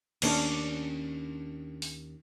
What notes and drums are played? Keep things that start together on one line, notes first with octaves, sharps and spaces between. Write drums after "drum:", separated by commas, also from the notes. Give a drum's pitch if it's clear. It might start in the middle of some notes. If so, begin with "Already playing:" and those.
D#2 C#4 D4, drum: cymbal
drum: open hi-hat